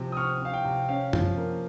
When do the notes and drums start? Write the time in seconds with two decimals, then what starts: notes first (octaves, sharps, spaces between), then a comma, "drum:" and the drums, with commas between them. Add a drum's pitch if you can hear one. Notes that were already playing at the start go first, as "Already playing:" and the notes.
Already playing: C3 F3 C4
0.12 D#6
0.16 C3 C#6 F6
0.41 C4 F5
0.53 G5
0.65 C3
0.89 C#4 F5
1.13 F3, drum: tom F#2
1.38 A#3